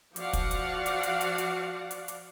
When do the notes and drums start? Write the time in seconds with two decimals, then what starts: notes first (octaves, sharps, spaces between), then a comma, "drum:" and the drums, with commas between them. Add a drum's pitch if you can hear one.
0.16 F3 F#4 D5 F5 F#5, drum: hi-hat
0.33 drum: kick, hi-hat
0.51 drum: hi-hat
0.86 drum: hi-hat
1.03 drum: hi-hat
1.21 drum: hi-hat
1.38 drum: hi-hat
1.91 drum: hi-hat
2.08 drum: hi-hat